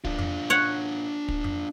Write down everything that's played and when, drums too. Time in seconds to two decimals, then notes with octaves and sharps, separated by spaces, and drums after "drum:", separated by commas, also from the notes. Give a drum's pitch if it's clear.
0.05 D4 F4, drum: kick
0.19 drum: tom F2
0.50 C#5 F#5
1.29 drum: kick
1.44 drum: tom F2